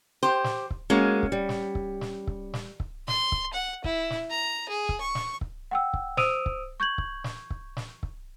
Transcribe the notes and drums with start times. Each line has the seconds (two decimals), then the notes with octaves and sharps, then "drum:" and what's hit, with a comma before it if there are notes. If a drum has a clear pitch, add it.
0.23 G4 C5
0.44 drum: snare
0.70 drum: kick C#1
0.90 G#3 A#3 C#4 F#4
1.23 drum: kick C#1
1.32 G3
1.49 drum: snare
1.75 drum: kick C#1
2.01 drum: snare
2.27 drum: kick C#1
2.54 drum: snare
2.80 drum: kick C#1
3.08 C6, drum: snare
3.32 drum: kick C#1
3.53 F#5
3.84 E4, drum: kick C#1
4.10 drum: snare
4.30 A#5
4.69 G#4
4.89 drum: kick C#1
5.00 C#6
5.15 drum: snare
5.41 drum: kick C#1
5.71 F#5 G5 E6
5.94 drum: kick C#1
6.17 C5 D#6 E6 D7 D#7 F7, drum: snare
6.46 drum: kick C#1
6.80 C#6 G6 G#6 F#7
6.98 drum: kick C#1
7.24 drum: snare
7.50 drum: kick C#1
7.77 drum: snare
8.03 drum: kick C#1